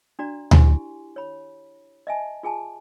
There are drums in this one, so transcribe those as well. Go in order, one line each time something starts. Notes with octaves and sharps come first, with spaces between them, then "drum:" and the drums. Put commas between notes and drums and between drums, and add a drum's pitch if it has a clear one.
D4 F#4 D5 A#5
E4 G4 G#5 C6, drum: tom D2
C#5 B5
D#5 E5 G#5 A5
F4 G#4 G#5 A5